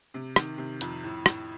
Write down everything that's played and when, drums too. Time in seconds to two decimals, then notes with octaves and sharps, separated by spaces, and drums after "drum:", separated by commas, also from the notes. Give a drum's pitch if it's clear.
0.14 C3
0.36 D#3, drum: rim click
0.58 C3
0.81 F2, drum: hi-hat
1.03 A2
1.26 A2, drum: rim click